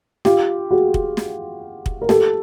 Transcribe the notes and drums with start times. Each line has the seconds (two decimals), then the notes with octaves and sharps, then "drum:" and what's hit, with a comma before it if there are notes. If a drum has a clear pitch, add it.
0.25 F4 G4, drum: snare
0.71 F#4 G#4
0.94 drum: kick
1.17 drum: snare
1.86 drum: kick
2.02 A#4
2.09 G4 A4, drum: snare